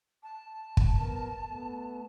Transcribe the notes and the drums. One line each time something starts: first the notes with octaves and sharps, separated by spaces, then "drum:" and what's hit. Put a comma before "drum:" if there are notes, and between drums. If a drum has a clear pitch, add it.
A5
drum: kick
B3 A#4
A3 B3